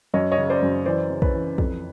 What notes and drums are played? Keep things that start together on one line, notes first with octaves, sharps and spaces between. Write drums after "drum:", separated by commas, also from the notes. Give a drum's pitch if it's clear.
F#2 C#5 D#5
C#5 D#5
C#3
C5 D5
F#2
E3 C5 D5
C#3
B4 C#5, drum: kick
E3
F2, drum: kick